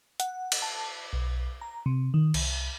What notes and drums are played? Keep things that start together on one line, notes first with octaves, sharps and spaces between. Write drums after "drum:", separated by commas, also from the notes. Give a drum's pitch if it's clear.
F#5, drum: hi-hat
drum: cymbal
A5
B1
A#5
C3
D#3
C2, drum: cymbal